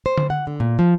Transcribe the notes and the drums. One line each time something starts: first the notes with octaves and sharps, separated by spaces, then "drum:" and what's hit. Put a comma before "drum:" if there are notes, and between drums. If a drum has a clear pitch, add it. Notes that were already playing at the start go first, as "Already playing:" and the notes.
C5
drum: tom D3
F#5
D3
A#2
F3